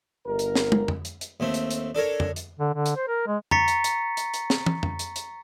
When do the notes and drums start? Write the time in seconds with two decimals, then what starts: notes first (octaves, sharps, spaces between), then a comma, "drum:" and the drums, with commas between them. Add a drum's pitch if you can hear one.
0.26 G1 A#4
0.39 drum: hi-hat
0.55 drum: snare
0.72 drum: tom
0.88 drum: tom F2
1.05 drum: hi-hat
1.21 drum: hi-hat
1.40 D#2 A3 C4
1.54 drum: hi-hat
1.71 drum: hi-hat
1.95 D4 A4 A#4 C#5
2.20 drum: tom F2
2.36 drum: hi-hat
2.59 D3
2.74 D3
2.86 drum: hi-hat
2.96 C5
3.08 A#4
3.27 G#3
3.51 A#5 C#6 A6 B6 C#7, drum: tom F2
3.68 drum: hi-hat
3.84 drum: hi-hat
4.17 drum: hi-hat
4.34 drum: hi-hat
4.50 drum: snare
4.66 drum: tom
4.83 drum: tom F2
4.99 drum: hi-hat
5.16 drum: hi-hat